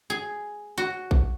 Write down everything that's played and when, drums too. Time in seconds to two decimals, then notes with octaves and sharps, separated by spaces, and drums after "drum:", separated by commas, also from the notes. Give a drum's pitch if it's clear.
0.10 G#4
0.78 F#4
1.11 drum: kick A#1